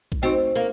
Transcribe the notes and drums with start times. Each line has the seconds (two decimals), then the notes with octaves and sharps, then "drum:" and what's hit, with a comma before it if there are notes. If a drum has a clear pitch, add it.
0.12 drum: kick A#1
0.22 C4 D#4 F#4 C5 D#5
0.56 A#3